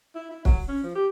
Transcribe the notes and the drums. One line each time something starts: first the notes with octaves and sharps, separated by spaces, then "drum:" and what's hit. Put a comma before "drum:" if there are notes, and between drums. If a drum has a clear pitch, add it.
E4
E4
F#3, drum: kick
C#4
F3
G4